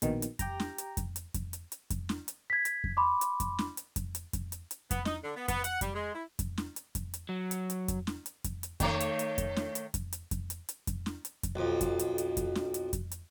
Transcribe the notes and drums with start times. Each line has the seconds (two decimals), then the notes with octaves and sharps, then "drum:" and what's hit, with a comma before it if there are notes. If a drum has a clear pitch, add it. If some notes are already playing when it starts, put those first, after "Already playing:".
0.02 A#1 B2 D#3, drum: hi-hat
0.22 drum: hi-hat
0.39 G4 G5 A#5, drum: kick F2, hi-hat
0.60 drum: snare
0.78 drum: hi-hat
0.97 drum: kick F2, hi-hat
1.16 drum: hi-hat
1.34 drum: kick F2, hi-hat
1.53 drum: hi-hat
1.72 drum: hi-hat
1.90 drum: kick F2, hi-hat
2.09 drum: snare
2.28 drum: hi-hat
2.50 G#6 B6
2.65 drum: hi-hat
2.84 drum: kick F2
2.97 B5 C6 D6
3.21 drum: hi-hat
3.40 drum: kick F2, hi-hat
3.59 drum: snare
3.77 drum: hi-hat
3.96 drum: kick F2, hi-hat
4.15 drum: hi-hat
4.33 drum: kick F2, hi-hat
4.52 drum: hi-hat
4.71 drum: hi-hat
4.91 B3, drum: kick F2, hi-hat
5.05 D#4, drum: snare
5.24 D3
5.36 B3
5.48 B3, drum: kick F2, hi-hat
5.64 F#5, drum: hi-hat
5.81 G3, drum: kick F2, hi-hat
5.95 G#3
6.15 E4
6.39 drum: kick F2, hi-hat
6.58 drum: snare
6.76 drum: hi-hat
6.95 drum: kick F2, hi-hat
7.14 drum: hi-hat
7.29 F#3
7.51 drum: hi-hat
7.70 drum: hi-hat
7.88 drum: kick F2, hi-hat
8.07 drum: snare
8.26 drum: hi-hat
8.44 drum: kick F2, hi-hat
8.63 drum: hi-hat
8.80 D#3 A3 C#5, drum: kick F2, hi-hat
9.00 drum: hi-hat
9.19 drum: hi-hat
9.38 drum: kick F2, hi-hat
9.56 drum: snare
9.75 drum: hi-hat
9.94 drum: kick F2, hi-hat
10.13 drum: hi-hat
10.31 drum: kick F2, hi-hat
10.50 drum: hi-hat
10.69 drum: hi-hat
10.87 drum: kick F2, hi-hat
11.06 drum: snare
11.25 drum: hi-hat
11.43 drum: kick F2, hi-hat
11.55 B1 F2
11.81 drum: kick F2, hi-hat
11.99 drum: hi-hat
12.18 drum: hi-hat
12.37 drum: kick F2, hi-hat
12.55 drum: snare
12.74 drum: hi-hat
12.93 drum: kick F2, hi-hat
13.12 drum: hi-hat